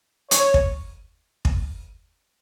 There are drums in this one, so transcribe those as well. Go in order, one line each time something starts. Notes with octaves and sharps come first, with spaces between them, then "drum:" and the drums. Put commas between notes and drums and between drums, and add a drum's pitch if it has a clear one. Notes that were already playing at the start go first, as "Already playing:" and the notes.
C#5, drum: hi-hat
drum: kick
drum: kick